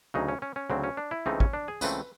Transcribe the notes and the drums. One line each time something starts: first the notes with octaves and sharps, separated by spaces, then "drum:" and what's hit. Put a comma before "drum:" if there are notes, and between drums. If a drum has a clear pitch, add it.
D2 C#3 F#3 D#4
C#4
C#4
C#4
D2 C#3 F#3 C4
C#4
D4
E4
C#2 C#3 E3 A3 C4 D#4
C#4, drum: kick
D4
G#4
C#2 C#3 E3 A3 C4 B4, drum: tambourine